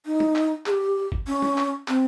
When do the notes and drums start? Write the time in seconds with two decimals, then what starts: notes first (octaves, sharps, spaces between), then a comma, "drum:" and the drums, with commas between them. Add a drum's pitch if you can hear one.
0.05 D#4
0.20 drum: tom
0.36 drum: clap
0.66 G#4, drum: clap
0.70 G4
1.12 drum: kick F#1
1.27 C#4
1.42 drum: tom
1.58 drum: clap
1.88 C4, drum: clap